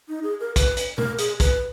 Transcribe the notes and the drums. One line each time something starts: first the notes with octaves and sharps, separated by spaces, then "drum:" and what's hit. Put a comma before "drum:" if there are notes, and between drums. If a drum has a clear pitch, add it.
D#4
G#4
A#4
B4, drum: kick, hi-hat
drum: hi-hat
A#4, drum: tom
G#4, drum: hi-hat
B4, drum: kick, hi-hat